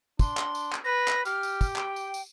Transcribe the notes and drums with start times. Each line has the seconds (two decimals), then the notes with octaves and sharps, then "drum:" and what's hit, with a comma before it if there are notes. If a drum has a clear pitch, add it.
0.19 D4 C6, drum: kick, tambourine
0.37 drum: clap
0.55 drum: tambourine
0.72 drum: clap
0.84 B4 A#6
1.08 drum: clap
1.25 G4 F6, drum: tambourine
1.43 drum: tambourine
1.61 drum: kick, tambourine
1.76 G5, drum: clap
1.96 drum: tambourine
2.14 drum: tambourine